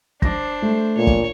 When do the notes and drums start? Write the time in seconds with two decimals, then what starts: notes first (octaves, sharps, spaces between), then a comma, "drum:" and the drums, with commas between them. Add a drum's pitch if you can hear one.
0.22 D4 C5 D6 A#6, drum: kick
0.62 A3
0.97 A#2 C#5
1.07 drum: kick